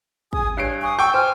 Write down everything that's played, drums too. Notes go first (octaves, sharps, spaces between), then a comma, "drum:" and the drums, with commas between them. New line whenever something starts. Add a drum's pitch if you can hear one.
G#4 G#5 D#6, drum: kick
G2 C#5 C7 D7
G#5 C#6 D#6
A4 G5 C#6 D6 E6 G6
C5 G#5 F6